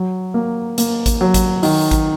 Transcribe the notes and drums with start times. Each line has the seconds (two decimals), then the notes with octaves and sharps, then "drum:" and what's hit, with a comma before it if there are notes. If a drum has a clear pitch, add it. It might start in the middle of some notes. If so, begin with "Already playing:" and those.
Already playing: F#3
0.34 A#3
0.78 A#3, drum: hi-hat
1.06 drum: kick A1, hi-hat
1.21 F#3
1.34 drum: kick A1, hi-hat
1.63 D#3, drum: open hi-hat
1.91 drum: kick A1, hi-hat